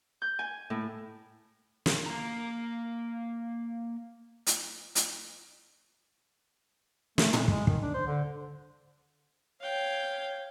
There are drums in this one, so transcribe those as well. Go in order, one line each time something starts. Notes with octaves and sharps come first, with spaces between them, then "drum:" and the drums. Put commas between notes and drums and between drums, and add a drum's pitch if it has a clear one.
G6
G#5
A2
drum: snare
A#3 A#5
drum: hi-hat
drum: hi-hat
A3, drum: snare
G#3, drum: tom
G#3, drum: kick
D#3, drum: kick
D4
C5
D3
C#5 F5 G5